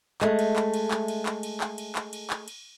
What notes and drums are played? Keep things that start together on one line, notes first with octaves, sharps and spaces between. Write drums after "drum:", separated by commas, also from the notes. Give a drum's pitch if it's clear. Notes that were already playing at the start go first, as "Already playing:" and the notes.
G#3 A3, drum: clap
drum: cymbal
drum: clap
drum: cymbal
drum: clap
drum: cymbal
drum: clap
drum: cymbal
drum: clap
drum: cymbal
drum: clap
drum: cymbal
drum: clap
drum: cymbal